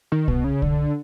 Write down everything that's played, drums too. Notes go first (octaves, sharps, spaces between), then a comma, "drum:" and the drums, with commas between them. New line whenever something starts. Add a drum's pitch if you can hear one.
D#3
B2, drum: kick
C#3
D3, drum: kick